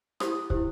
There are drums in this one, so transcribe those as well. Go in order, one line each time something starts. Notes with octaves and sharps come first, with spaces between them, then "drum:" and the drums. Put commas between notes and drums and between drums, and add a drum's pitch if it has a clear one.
E4 G4 C5 D#6, drum: rim click
E4 G4 C5, drum: kick